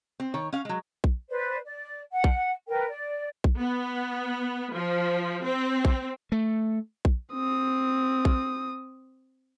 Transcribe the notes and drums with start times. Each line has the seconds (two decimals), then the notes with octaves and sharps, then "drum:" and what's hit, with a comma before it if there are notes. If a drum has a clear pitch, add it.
0.20 C4
0.34 D#3 C#5
0.53 C#4 F5
0.65 F#3 G#3
1.04 drum: kick A#1
1.29 B4 C5 D5
1.64 D5
2.12 F#5
2.24 drum: kick A#1
2.68 A#4 B4 G5
2.88 D5
3.44 drum: kick A#1
3.58 B3
4.73 F3
5.45 C4
5.85 drum: kick A#1
6.32 A3
7.05 drum: kick A#1
7.33 C4 D#6
8.25 drum: kick A#1